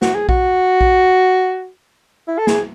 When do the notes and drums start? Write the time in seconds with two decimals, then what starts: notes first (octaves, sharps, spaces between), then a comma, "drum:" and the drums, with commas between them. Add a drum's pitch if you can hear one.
0.02 F#4, drum: snare
0.15 G#4
0.29 F#4, drum: kick A#1
0.81 drum: kick A#1
2.28 E4
2.38 A4
2.47 G#4, drum: snare